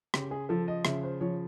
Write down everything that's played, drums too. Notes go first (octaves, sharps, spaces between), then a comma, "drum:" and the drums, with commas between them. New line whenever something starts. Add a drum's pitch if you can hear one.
C#3 G4, drum: rim click
G#4
F3 A4
D#5
C#3 E5, drum: rim click
C5
F3 C#5